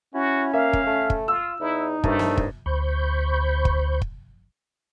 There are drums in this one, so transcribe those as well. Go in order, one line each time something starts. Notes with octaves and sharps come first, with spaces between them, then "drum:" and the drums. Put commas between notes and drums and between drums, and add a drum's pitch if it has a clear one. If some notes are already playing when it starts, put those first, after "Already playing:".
C#4 E4 F#4
A#3 E5 F5
drum: kick
A3
drum: kick
F4 E6
E2 D#4 E4
C2 G2 A3, drum: kick
drum: snare
drum: kick
D2 C5 B5 C#6 G6
drum: kick
drum: kick